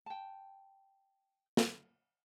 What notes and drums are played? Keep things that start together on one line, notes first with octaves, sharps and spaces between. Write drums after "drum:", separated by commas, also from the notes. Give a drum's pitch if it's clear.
G5 A5
drum: snare